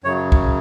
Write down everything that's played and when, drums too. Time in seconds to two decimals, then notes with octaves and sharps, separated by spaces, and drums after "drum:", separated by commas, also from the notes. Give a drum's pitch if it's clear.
0.04 F#2 C#3 F#3 C#5
0.32 drum: kick